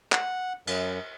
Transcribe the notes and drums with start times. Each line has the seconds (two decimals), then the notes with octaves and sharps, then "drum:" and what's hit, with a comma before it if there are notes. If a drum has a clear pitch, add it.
0.12 F#5, drum: clap
0.67 F#2, drum: cymbal